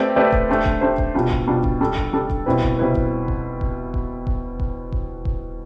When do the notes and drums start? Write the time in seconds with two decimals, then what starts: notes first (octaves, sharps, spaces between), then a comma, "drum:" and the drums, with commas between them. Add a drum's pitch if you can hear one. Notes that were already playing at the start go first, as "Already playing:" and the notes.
Already playing: A3 C4 G4 B4 D5
0.16 A3 C4 G4 B4 D5
0.32 drum: kick D#1
0.49 A3 D4 G4 C5
0.65 drum: kick D#1
0.81 A3 D4 G4 C5
0.98 drum: kick D#1
1.15 B2 G3 D4 F4
1.31 drum: kick D#1
1.47 B2 G3 D4 F4
1.64 drum: kick D#1
1.81 G3 D4 A4
1.97 drum: kick D#1
2.13 G3 D4 A4
2.30 drum: kick D#1
2.46 B2 G3 C4 E4 B4
2.62 drum: kick D#1
2.79 B2 G3 C4 E4 B4
2.95 drum: kick D#1
3.28 drum: kick D#1
3.61 drum: kick D#1
3.94 drum: kick D#1
4.27 drum: kick D#1
4.60 drum: kick D#1
4.92 drum: kick D#1
5.25 drum: kick D#1